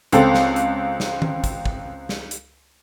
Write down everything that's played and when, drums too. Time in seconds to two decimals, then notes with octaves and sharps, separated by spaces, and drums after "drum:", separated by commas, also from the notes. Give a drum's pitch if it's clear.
0.12 C#2 C4 A4, drum: hi-hat
0.34 drum: snare
0.56 drum: hi-hat
1.00 drum: snare
1.22 drum: tom D#3
1.44 drum: kick, hi-hat
1.66 drum: kick
2.09 drum: snare
2.31 drum: hi-hat